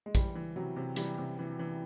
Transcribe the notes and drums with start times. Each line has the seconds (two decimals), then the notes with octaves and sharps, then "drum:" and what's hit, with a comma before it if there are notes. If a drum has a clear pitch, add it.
0.06 G#3
0.15 E3 G3, drum: kick A#1, hi-hat
0.35 E3
0.56 C3 F#3
0.76 C3
0.96 E3 G3, drum: hi-hat
1.18 C3
1.39 E3
1.59 E3